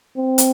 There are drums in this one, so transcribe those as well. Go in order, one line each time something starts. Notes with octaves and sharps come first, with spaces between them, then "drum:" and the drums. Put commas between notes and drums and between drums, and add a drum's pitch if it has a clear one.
C4
drum: hi-hat